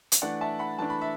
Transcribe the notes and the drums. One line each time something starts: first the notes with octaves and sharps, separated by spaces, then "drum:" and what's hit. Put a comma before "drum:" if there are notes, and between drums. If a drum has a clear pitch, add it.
drum: hi-hat
E3 A3 D4 D5 F#5
E5 A5
F#5 B5
E3 A3 D4 A5
B5
E5